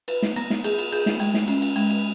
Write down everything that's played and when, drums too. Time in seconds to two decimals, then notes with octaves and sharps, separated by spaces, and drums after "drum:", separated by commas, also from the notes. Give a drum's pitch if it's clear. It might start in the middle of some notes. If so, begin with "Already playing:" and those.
0.08 B4, drum: cymbal
0.22 drum: snare
0.36 B3, drum: cymbal
0.50 drum: snare
0.64 G#4, drum: cymbal
0.78 drum: cymbal
0.93 G#4, drum: cymbal
1.06 drum: snare
1.20 G#3, drum: cymbal
1.34 drum: snare
1.48 C#4, drum: cymbal
1.62 drum: cymbal
1.76 G#3, drum: cymbal
1.90 drum: cymbal